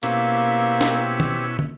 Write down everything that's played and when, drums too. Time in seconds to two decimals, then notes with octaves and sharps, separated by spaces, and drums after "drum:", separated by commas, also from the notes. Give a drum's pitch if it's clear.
0.03 B2 A#3 C4 C#4 E4 G4, drum: hi-hat
0.81 drum: snare
1.20 drum: tom
1.59 drum: tom